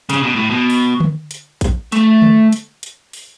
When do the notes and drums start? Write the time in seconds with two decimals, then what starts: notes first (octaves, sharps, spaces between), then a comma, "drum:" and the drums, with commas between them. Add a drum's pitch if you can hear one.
0.10 C#3, drum: hi-hat
0.23 B2
0.36 A2
0.50 B2
0.70 drum: open hi-hat
1.00 drum: tom D3
1.31 drum: hi-hat
1.61 drum: kick A#1, hi-hat
1.92 A3, drum: hi-hat
2.22 drum: tom D3
2.53 drum: hi-hat
2.83 drum: hi-hat
3.13 drum: open hi-hat